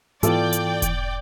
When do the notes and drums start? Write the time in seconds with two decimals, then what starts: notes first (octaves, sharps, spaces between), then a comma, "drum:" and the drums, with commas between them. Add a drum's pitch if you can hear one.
0.23 G#2 E3 B3 F4 A4 D5 G5, drum: hi-hat
0.53 drum: hi-hat
0.82 drum: kick E1, hi-hat